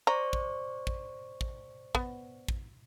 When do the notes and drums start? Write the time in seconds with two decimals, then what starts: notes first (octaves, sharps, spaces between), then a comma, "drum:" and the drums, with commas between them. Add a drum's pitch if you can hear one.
0.07 C5 D5 A#5 C#6
0.33 drum: kick
0.87 drum: kick
1.41 drum: kick
1.95 B3, drum: kick
2.48 drum: kick